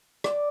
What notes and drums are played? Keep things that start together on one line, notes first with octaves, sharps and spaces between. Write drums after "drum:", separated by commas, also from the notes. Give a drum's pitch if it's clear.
D5, drum: rim click